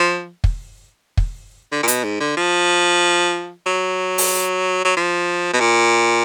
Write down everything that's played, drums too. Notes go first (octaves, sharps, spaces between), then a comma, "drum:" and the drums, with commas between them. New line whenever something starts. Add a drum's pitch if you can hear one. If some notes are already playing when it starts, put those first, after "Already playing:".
Already playing: F3
drum: kick
drum: kick
D3
A#2
B2, drum: hi-hat
G#2
D3
F3
F#3
drum: open hi-hat
F#3
F3
B2
A#2